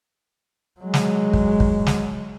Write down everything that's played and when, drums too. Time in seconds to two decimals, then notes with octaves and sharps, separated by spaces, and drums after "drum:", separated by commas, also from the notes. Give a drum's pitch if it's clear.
0.80 F#3 G#3
0.94 drum: snare
1.33 drum: kick
1.60 drum: kick
1.87 drum: snare